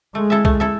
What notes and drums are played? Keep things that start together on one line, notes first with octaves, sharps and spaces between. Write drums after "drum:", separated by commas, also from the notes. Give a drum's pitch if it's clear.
G#3 A3
E4 A4 E5
A3, drum: kick B1
E4 A4 E5